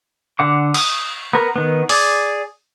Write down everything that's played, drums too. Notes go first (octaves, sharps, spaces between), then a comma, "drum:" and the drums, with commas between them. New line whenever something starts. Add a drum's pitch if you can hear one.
D3 F#5 D6
D#6, drum: cymbal
B3 A#4
D#3 B3
G#4 D5, drum: open hi-hat